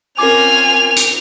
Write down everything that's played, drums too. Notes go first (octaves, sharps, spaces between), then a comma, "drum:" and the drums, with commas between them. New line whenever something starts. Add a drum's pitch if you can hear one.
C4 C#4 F4 A#4 G#5 D6 F7
drum: hi-hat